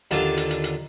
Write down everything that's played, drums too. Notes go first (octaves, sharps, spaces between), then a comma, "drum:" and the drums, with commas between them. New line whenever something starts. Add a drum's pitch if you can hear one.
D#2 D3 F4 A5 D6, drum: hi-hat
drum: hi-hat
drum: hi-hat
drum: hi-hat